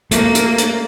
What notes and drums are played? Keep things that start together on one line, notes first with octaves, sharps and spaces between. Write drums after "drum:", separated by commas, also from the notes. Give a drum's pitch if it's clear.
A3 A#3, drum: hi-hat
drum: hi-hat
drum: hi-hat